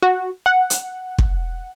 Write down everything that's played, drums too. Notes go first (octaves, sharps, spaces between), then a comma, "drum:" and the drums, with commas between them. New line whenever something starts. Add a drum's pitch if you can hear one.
F#4
F#5
drum: hi-hat
drum: kick